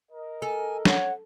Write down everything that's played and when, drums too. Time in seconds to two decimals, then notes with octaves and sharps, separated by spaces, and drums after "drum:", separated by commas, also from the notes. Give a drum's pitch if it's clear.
0.10 A#4 D#5
0.42 A4 G#5
0.85 C#5 F#5, drum: snare